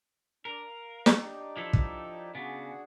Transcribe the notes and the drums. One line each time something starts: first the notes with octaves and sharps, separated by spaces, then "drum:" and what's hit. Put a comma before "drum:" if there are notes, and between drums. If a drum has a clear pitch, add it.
D4 A#4
F5
drum: snare
D4 D#4 G4
F3 E4 A4
drum: kick
C#3 B3 D4 F#4 G#4